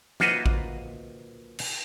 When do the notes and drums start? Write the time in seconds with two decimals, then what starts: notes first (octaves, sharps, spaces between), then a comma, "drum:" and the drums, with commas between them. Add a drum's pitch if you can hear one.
0.20 A#3 F4 F#4 B4 C5 D#5, drum: snare
0.46 drum: kick A1
1.59 drum: cymbal